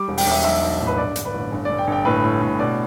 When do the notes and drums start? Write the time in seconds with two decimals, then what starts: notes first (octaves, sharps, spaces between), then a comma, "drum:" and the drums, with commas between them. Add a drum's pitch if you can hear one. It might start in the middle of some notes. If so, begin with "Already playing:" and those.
Already playing: G3 D6
0.08 E1
0.18 G5, drum: open hi-hat
0.26 E1 E5
0.44 B1 E5
0.62 B1
0.80 A2
0.87 B4
0.98 G2 D5
1.16 D3, drum: hi-hat
1.25 B4
1.34 A1
1.52 G1
1.65 G2 D5
1.78 G5
1.87 G1
1.92 G5
2.05 A2 B4
2.24 A2
2.41 A2
2.59 B2 D5